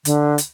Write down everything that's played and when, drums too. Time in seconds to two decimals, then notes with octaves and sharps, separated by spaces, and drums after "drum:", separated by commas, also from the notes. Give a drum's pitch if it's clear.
0.05 D3, drum: hi-hat
0.38 drum: hi-hat